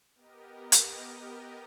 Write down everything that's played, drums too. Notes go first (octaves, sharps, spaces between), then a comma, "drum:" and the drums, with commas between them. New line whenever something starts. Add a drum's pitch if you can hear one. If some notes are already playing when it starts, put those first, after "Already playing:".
B3 G4 A#4 D#5
drum: hi-hat